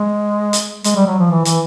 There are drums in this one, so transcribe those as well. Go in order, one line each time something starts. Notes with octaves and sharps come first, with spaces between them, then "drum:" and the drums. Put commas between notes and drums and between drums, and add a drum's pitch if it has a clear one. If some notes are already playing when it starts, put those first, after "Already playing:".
Already playing: G#3
drum: hi-hat
G#3, drum: hi-hat
G3
F#3
F3
E3
E3, drum: hi-hat